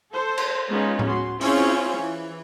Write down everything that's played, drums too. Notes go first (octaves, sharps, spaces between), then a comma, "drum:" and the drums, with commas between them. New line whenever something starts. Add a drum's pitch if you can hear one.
A4 C5
drum: cymbal
G#3 B3 C#4 D#4 F4
drum: tom A2
F#4 C6
C4 C#4 E4 F4 G#4 C5, drum: open hi-hat
E3